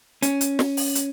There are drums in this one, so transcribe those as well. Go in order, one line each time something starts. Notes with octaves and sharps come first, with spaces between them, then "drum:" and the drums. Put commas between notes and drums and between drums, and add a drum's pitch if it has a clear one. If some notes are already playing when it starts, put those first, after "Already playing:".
C#4, drum: hi-hat
drum: hi-hat
drum: snare
drum: open hi-hat
drum: hi-hat